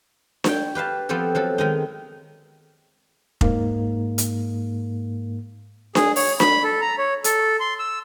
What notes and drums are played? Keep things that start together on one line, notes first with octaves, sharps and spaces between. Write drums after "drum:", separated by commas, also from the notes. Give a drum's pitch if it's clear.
C#5 G5, drum: snare D4
G4 B4 F5 A5
F3 B3 C4 G4 A4
F3 F#3 A4
D#3 G#3 D#4
G#2 A#3, drum: kick F1
drum: hi-hat
G#4, drum: snare D4
C#5, drum: open hi-hat
B5, drum: snare D4
A4
A#5
C#5
A4, drum: hi-hat
C6
E6